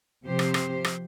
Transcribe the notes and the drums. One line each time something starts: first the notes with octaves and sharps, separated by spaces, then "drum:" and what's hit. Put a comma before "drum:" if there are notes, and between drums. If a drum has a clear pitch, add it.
C3 F3 G4 C5
drum: rim click
drum: rim click
drum: rim click